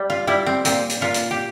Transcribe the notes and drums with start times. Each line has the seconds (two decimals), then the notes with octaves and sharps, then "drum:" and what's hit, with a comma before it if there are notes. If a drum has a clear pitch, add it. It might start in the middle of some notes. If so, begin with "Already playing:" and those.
Already playing: G3
0.10 F4
0.27 G3 E4
0.46 C4
0.65 A#2 C4, drum: hi-hat
0.89 drum: hi-hat
1.01 A#2 F4
1.14 drum: hi-hat
1.31 G4